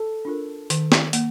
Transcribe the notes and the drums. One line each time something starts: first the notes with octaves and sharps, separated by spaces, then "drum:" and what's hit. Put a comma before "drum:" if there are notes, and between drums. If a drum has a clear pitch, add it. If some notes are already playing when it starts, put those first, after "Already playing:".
Already playing: A4
D4 F4 A#4
D#3, drum: hi-hat
drum: snare
A#3, drum: hi-hat